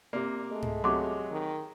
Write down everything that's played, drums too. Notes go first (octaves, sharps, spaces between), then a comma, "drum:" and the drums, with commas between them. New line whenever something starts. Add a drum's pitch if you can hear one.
C3 A#3 D5
G#3 A3
drum: tom G#2
C3 F#3 C6 D6
D#3